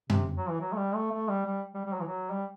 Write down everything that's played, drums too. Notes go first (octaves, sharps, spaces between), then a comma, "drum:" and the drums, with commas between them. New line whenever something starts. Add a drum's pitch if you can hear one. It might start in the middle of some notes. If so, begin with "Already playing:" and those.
C3, drum: tom F#2
F#3
E3
F#3
A3
G3
A3
A3
G3
G3
G3
G3
F#3
E3
F#3
G3